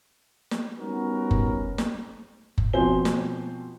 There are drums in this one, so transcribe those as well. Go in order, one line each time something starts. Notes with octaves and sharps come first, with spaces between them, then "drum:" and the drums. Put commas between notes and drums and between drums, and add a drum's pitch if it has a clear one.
drum: snare
G3 B3 C#4 D#4 F#4 A#4
drum: kick F#1
drum: snare
drum: kick F#1
B2 F3 C4 C5 G#5 G7
drum: snare